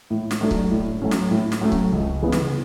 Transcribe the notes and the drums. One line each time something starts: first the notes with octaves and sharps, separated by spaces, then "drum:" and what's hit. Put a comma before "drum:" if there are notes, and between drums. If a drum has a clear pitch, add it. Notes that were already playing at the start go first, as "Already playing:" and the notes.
A2
drum: snare
F#3 A3 D4 A4
drum: kick C#1
A2
F#3 A3 C#4
drum: snare
A2
drum: snare
F#3 A3 C#4
drum: kick C#1
C#2
C#3 E3 B3
drum: snare